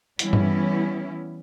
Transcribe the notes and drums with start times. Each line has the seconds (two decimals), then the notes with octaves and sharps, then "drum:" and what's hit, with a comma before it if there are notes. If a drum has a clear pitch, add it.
0.19 E3 G3 B3 C#4 E4, drum: hi-hat
0.33 drum: tom G2